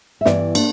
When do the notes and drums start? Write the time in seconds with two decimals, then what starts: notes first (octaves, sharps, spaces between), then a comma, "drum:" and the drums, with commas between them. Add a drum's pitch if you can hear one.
0.21 E5
0.25 G2 E3 B3 E4 D5, drum: snare
0.55 A#3 D4, drum: cymbal